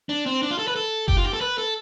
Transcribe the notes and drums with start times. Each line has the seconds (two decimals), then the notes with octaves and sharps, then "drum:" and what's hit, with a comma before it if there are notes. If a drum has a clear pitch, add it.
0.09 D4
0.26 C4
0.42 D4
0.51 F4
0.59 A4
0.68 B4
0.75 A4
1.08 G4, drum: kick F#1
1.17 F4
1.24 G4
1.33 A4
1.41 B4
1.58 A4